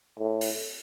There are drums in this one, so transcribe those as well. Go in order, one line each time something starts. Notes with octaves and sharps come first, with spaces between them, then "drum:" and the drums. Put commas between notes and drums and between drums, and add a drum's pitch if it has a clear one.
A2
drum: open hi-hat